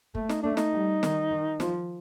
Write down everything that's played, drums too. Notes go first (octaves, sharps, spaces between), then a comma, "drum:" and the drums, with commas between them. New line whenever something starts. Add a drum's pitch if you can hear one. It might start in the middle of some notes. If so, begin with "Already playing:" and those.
A3, drum: kick
D#4, drum: snare
A3 D4
D#4, drum: snare
G3
D#3, drum: snare
D#3
F3, drum: snare